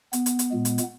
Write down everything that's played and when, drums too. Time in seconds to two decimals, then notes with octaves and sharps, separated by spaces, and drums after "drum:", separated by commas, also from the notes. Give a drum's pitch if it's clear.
0.13 B3, drum: hi-hat
0.26 drum: hi-hat
0.39 drum: hi-hat
0.51 A#2 G#3
0.65 drum: hi-hat
0.78 drum: hi-hat